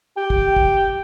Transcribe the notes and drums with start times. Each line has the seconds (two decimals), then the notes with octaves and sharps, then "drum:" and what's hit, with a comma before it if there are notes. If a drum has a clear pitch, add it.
0.17 G4 G5
0.30 drum: kick
0.56 drum: kick